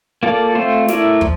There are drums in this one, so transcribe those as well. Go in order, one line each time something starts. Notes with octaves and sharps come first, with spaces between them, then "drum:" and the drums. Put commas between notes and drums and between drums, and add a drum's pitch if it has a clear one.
A#3 F4 A4 D5
A3 C4 F4 C5
A3 E4 A#4 D5, drum: snare
F3, drum: kick